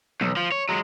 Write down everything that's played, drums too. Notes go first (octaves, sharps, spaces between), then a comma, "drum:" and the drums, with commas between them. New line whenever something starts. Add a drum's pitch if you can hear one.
B1, drum: tom
F3
C#5
F#3 G#3